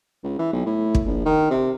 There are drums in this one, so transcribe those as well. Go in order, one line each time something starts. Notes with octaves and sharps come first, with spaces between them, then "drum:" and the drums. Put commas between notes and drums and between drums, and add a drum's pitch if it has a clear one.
C#2
E3
B1
A2
drum: kick
A#1
D#3
C3